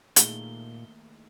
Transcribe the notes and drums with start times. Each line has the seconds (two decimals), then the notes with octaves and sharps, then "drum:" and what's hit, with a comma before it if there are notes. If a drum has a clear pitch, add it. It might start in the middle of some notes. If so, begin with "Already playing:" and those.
0.16 A#2 D#3 A3 A#3 D#4 E4 G#4 G7, drum: hi-hat